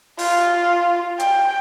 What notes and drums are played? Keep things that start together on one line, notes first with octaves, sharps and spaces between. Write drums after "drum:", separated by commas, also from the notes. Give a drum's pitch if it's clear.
F4, drum: open hi-hat
G5, drum: hi-hat